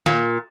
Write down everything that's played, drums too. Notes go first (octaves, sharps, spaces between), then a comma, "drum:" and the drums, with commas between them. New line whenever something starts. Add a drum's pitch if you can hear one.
A#2, drum: snare